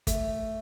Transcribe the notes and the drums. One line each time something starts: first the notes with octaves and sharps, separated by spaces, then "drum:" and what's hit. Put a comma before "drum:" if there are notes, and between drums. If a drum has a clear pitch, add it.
A3, drum: kick, hi-hat